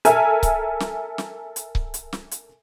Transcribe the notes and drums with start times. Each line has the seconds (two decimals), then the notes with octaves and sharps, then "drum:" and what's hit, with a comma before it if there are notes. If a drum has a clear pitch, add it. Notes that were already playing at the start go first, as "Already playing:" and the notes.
0.05 A4 A#4 E5 G#5, drum: hi-hat
0.43 drum: kick C#1, hi-hat
0.80 drum: snare
1.18 drum: snare
1.56 drum: hi-hat
1.75 drum: kick C#1
1.94 drum: hi-hat
2.13 drum: snare
2.31 drum: hi-hat